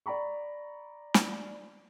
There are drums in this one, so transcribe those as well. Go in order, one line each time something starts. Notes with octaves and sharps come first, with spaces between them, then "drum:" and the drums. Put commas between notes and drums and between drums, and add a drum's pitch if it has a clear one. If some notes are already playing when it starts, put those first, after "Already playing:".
D5 A#5 B5 C#6
drum: snare